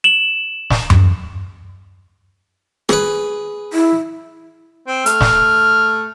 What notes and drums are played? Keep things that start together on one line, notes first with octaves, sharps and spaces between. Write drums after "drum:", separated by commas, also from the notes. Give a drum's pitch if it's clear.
E7 F#7
drum: snare
drum: tom F#2
G#4 B4, drum: rim click
E4
C4
A3 F6, drum: hi-hat
drum: snare